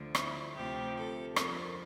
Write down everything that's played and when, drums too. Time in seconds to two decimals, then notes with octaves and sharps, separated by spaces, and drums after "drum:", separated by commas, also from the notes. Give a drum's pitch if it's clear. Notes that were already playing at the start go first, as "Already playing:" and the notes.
Already playing: D2 D3 F3
0.15 E4, drum: rim click
0.55 D2 C3 F3 G4
0.96 A4
1.36 F2 D3 F3 A#4, drum: rim click